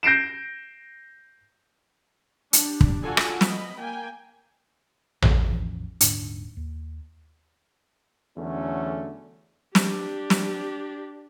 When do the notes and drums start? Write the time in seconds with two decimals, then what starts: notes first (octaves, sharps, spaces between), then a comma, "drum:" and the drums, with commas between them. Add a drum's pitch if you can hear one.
0.03 G6 A#6 C7 D7 E7
2.53 D4 G4, drum: hi-hat
2.81 drum: kick
3.02 F4 F#4 A4 D5 G#5
3.17 drum: rim click
3.41 D#5 B5, drum: snare
3.78 A#3 G5 G#5
5.22 C#2 G2 F3 G#3, drum: tom A1
5.47 A1 E2 E3 F3
6.01 D#1 G#2 D3 D4, drum: hi-hat
6.57 D#2
8.37 E2 D3 F#3 A3 C#4
9.75 D4 G4, drum: snare
10.30 drum: snare